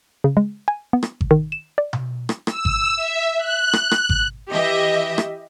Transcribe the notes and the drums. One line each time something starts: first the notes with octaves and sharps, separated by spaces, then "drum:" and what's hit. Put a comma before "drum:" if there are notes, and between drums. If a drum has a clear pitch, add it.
C#3
G#3
G#5
B3
drum: rim click
drum: kick G#1
D#3
E7
D5
drum: tom B2
drum: rim click
E6, drum: rim click
drum: kick G#1
E5
F#6
drum: rim click
drum: rim click
drum: kick G#1
E3 G4 D#5 E5
drum: rim click